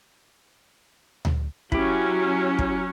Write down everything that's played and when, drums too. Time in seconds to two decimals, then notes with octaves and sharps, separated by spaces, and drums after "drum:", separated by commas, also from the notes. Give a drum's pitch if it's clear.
1.25 drum: tom D2
1.72 F#3 C#4 E4 G4, drum: kick
2.59 drum: kick